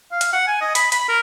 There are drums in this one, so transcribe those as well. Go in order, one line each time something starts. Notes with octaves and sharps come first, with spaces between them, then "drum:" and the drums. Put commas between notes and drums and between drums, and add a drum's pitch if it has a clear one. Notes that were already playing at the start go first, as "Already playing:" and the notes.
F5
drum: hi-hat
F#5
G#5
D#5
B5, drum: hi-hat
B5, drum: hi-hat
A#4